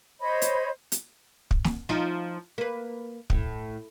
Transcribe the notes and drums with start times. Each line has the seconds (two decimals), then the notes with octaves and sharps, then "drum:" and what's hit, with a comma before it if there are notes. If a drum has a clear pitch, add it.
0.20 C5 C#5 D#5 B5
0.42 drum: hi-hat
0.92 drum: hi-hat
1.51 drum: kick
1.64 drum: snare
1.89 F3 D#4
2.58 A#3 B4
3.30 A2, drum: kick